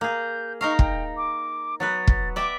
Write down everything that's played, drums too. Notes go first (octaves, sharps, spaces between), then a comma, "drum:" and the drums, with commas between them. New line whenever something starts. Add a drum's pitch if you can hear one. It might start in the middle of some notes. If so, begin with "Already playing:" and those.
A#3 G#4 G6
D#4 A#4 F5 C#6
G5, drum: kick
D6
F#3 B3 B4 A6
drum: kick
D5 E5 G5 D6